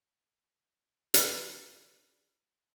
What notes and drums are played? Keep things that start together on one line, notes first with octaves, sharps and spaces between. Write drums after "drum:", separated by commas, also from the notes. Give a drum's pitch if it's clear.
B4 D5, drum: hi-hat